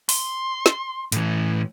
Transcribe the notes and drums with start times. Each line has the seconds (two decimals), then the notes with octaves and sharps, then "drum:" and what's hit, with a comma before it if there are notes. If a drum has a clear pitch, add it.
0.09 C6, drum: open hi-hat
0.66 drum: snare
1.12 A2 E3, drum: hi-hat